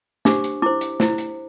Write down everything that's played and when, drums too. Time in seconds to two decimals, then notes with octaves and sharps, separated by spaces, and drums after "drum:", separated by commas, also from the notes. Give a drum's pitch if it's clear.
0.25 D4 G4 C5 D6, drum: snare
0.44 drum: hi-hat
0.62 E4 C5 D6
0.81 drum: hi-hat
1.00 E4 C5, drum: snare
1.18 drum: hi-hat